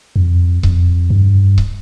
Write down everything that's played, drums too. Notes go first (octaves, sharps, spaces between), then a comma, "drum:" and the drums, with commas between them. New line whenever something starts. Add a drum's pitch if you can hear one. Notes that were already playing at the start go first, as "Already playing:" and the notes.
F2
F2, drum: kick C#1
G2
drum: kick C#1